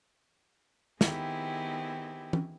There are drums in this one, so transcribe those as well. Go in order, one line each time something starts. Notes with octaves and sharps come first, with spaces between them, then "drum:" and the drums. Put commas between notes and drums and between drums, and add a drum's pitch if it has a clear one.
D#3 B3 C4 E4 G4 G#4, drum: snare
drum: tom